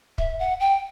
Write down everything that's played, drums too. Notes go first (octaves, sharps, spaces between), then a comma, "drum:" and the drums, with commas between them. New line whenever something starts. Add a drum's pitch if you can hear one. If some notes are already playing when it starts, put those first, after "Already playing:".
E5, drum: kick
F#5
G5